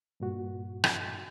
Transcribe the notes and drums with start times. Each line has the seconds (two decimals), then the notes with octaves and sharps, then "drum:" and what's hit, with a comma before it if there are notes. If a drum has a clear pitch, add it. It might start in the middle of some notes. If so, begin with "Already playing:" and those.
0.20 G2 A#2 F#4
0.84 drum: rim click